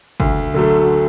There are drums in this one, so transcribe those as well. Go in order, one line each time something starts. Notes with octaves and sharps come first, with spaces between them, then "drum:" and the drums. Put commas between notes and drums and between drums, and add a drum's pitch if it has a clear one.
D2, drum: kick
D3 F#3 A3